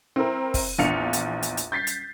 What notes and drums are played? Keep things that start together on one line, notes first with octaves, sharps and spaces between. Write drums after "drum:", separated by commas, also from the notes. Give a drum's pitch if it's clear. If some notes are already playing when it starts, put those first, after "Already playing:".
C4 E4 A#4
drum: kick, open hi-hat
A#1 E2 D4 F5 C#7 F7
drum: hi-hat
drum: hi-hat
drum: hi-hat
G6 A6 B6 C7
drum: hi-hat